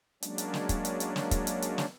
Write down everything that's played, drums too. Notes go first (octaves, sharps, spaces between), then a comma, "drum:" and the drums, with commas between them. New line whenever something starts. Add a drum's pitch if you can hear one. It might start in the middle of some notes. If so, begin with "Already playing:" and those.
F#3 G#3 A#3 C#4 D4, drum: hi-hat
drum: hi-hat
drum: snare
drum: kick, hi-hat
drum: hi-hat
drum: hi-hat
drum: snare
drum: kick, hi-hat
drum: hi-hat
drum: hi-hat
drum: snare